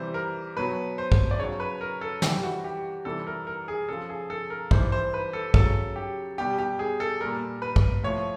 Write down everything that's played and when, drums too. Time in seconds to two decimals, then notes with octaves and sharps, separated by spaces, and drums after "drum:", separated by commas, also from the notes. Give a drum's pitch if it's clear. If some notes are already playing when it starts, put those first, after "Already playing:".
Already playing: C3 E3 G3 C5
0.14 A#4
0.56 B2 F#3 B4
0.98 C5
1.12 drum: kick
1.31 D5
1.40 C#3 F#3 C#5
1.60 B4
1.81 A#4
2.01 A4
2.22 C3 E3 G3 G4, drum: snare
2.43 F#4
2.64 G4
3.05 C3 E3 G3 A4
3.27 A#4
3.47 A#4
3.68 G#4
3.89 C#3 F3 A4
4.09 G#4
4.30 A4
4.50 A#4
4.71 C3 E3 G3 C5, drum: kick
4.92 C5
5.14 B4
5.33 A4
5.54 C#3 F#3 A4, drum: kick
5.96 G4
6.38 B2 G3 G4
6.58 G4
6.79 G#4
7.00 A4
7.21 A#2 G3 A#4
7.62 B4
7.76 drum: kick
8.04 A2 F3 C#5